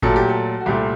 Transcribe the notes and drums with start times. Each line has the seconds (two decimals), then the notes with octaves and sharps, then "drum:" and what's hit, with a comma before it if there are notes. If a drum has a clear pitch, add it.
0.02 A#2 F#3 A3 A4, drum: kick G#1
0.16 G4
0.29 A4
0.61 F#4
0.66 C2 A#2 A3 G4